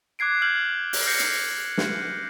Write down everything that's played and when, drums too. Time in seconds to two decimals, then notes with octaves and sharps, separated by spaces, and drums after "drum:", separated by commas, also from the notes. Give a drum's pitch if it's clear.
0.19 D6 F#6 G#6 C7 D7
0.42 F6 G6 G#6 F#7
0.93 drum: open hi-hat
1.07 G6 A#6 C7 C#7
1.20 drum: hi-hat
1.78 drum: snare